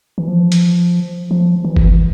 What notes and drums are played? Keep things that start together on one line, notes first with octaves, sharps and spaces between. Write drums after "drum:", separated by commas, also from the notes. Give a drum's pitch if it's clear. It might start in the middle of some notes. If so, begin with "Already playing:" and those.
E3
F3
drum: hi-hat
F3
E3
drum: kick F#1